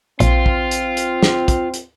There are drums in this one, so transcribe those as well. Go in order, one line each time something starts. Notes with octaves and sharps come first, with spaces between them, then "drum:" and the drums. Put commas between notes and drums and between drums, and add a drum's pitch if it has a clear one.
A#1 C4 F4, drum: hi-hat
drum: kick
drum: hi-hat
drum: hi-hat
drum: snare
drum: kick, hi-hat
drum: hi-hat